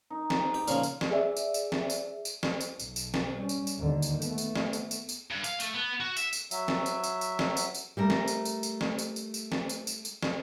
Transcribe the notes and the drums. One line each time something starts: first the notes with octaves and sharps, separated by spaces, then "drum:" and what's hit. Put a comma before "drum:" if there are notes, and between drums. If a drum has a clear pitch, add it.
D#4
drum: snare
G4
A#2 C#3 F3, drum: tambourine
drum: tambourine
drum: snare
G#4 D5 E5
drum: tambourine
drum: tambourine
drum: snare
drum: tambourine
drum: tambourine
drum: snare
drum: tambourine
B1, drum: tambourine
drum: tambourine
drum: snare
G3 C#4
drum: tambourine
drum: tambourine
D#2 D3
drum: tambourine
A3 B3, drum: tambourine
drum: tambourine
drum: snare
drum: tambourine
drum: tambourine
drum: tambourine
G2
F5, drum: tambourine
A3, drum: tambourine
B3
F#4
E5, drum: tambourine
drum: tambourine
F#3 E5, drum: tambourine
drum: snare
drum: tambourine
drum: tambourine
drum: tambourine
drum: snare
drum: tambourine
drum: tambourine
G3 A3 A#4
drum: snare
drum: tambourine
drum: tambourine
drum: tambourine
drum: snare
drum: tambourine
drum: tambourine
drum: tambourine
drum: snare
drum: tambourine
drum: tambourine
drum: tambourine
drum: snare